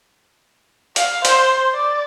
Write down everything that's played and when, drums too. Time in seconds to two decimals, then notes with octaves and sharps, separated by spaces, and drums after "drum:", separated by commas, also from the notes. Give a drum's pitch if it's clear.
0.96 F5, drum: hi-hat
1.25 C5, drum: hi-hat
1.74 D5